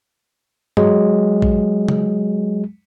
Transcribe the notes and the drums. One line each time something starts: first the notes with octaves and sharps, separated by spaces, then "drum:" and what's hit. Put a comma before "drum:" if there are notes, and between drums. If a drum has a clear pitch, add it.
F#3 G#3, drum: tom G2
drum: kick A#1
drum: tom C#3